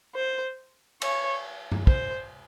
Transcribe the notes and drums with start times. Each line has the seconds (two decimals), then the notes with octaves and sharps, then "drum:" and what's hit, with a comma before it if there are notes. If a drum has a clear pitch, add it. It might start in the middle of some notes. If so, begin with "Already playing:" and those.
0.15 C5
1.01 C#5, drum: cymbal
1.72 drum: tom G2
1.87 C5, drum: kick